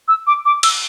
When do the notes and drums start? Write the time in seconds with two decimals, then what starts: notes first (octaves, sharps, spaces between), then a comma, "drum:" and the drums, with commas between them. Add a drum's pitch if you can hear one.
0.08 E6
0.27 D6
0.46 D6
0.63 E6, drum: cymbal